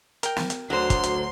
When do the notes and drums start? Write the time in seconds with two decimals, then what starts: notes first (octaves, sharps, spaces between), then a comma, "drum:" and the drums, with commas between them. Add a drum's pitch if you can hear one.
0.23 A#4 G5, drum: hi-hat
0.36 drum: snare
0.50 drum: hi-hat
0.70 D2 F#3 C5 C6
0.90 drum: kick, hi-hat
1.03 drum: hi-hat